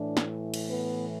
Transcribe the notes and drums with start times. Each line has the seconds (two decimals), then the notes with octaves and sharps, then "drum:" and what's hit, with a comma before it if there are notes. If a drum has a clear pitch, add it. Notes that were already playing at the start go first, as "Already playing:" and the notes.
Already playing: A2 E3 D4
0.17 drum: snare
0.54 drum: cymbal
0.70 B3